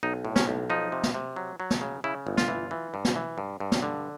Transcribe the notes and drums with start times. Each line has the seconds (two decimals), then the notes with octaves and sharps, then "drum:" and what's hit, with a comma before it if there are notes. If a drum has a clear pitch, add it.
0.03 B1 D#4
0.25 A2
0.36 C#4, drum: snare
0.47 B1
0.70 F3 D#4
0.92 C3
1.03 drum: snare
1.15 C3
1.36 F#3
1.60 F#3
1.70 drum: snare
1.81 C#3
2.04 C#3 E4
2.27 G1
2.37 F4, drum: snare
2.48 E3
2.71 E3
2.94 G2
3.05 drum: snare
3.16 E3
3.38 G2
3.60 G2
3.72 drum: snare
3.83 D3